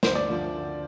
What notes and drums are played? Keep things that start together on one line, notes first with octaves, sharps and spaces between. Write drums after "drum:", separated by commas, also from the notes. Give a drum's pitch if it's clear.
D2 C5, drum: snare
D5
D3 F3